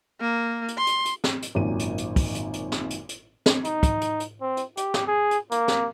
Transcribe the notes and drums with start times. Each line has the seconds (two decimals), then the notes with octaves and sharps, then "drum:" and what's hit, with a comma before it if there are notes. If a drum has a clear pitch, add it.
0.21 A#3
0.68 drum: hi-hat
0.77 C6
0.87 drum: hi-hat
1.05 drum: hi-hat
1.24 drum: snare
1.42 drum: hi-hat
1.55 G#1 F#2 A#2 D#3 D#7
1.79 drum: hi-hat
1.98 drum: hi-hat
2.16 drum: kick, open hi-hat
2.35 drum: hi-hat
2.53 drum: hi-hat
2.72 drum: snare
2.90 drum: hi-hat
3.09 drum: hi-hat
3.46 drum: snare
3.64 D#4, drum: hi-hat
3.83 drum: kick, hi-hat
4.01 drum: hi-hat
4.20 drum: hi-hat
4.41 C4
4.57 drum: hi-hat
4.77 G4, drum: hi-hat
4.94 drum: snare
5.07 G#4
5.31 drum: hi-hat
5.51 A#3, drum: hi-hat
5.68 drum: snare